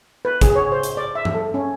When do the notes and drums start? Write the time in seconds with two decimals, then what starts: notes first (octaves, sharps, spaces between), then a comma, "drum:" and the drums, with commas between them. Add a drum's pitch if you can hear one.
0.25 B4
0.41 G#4, drum: kick, hi-hat
0.55 C#5
0.72 C5
0.83 drum: hi-hat
0.97 D5
1.15 E5
1.25 drum: tom G2
1.34 A4
1.54 C#4